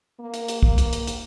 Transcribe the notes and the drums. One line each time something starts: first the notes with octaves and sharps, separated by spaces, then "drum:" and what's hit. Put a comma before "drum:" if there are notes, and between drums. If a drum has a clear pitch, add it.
A#3
drum: hi-hat
drum: hi-hat
A#3, drum: kick
drum: hi-hat
drum: hi-hat
drum: hi-hat